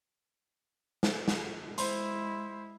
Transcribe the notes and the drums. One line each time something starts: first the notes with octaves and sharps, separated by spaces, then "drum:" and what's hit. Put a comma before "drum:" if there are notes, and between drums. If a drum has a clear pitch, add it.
drum: snare
drum: snare
G#3 E4 C5 B5 C6, drum: hi-hat